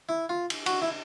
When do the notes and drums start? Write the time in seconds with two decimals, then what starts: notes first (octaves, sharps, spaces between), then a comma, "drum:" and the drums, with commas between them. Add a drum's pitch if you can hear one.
0.09 E4
0.29 F4
0.50 drum: cymbal
0.66 F#4, drum: cymbal
0.82 E4